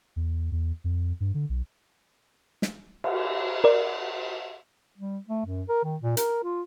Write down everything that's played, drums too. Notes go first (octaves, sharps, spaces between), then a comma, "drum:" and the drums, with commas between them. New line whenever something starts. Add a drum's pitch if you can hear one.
E2
E2
F2
G2
D3
B1
drum: snare
drum: cymbal
A#4 D5
G3
A3
F#2
A#4
D#3
A#2
A#4, drum: hi-hat
F4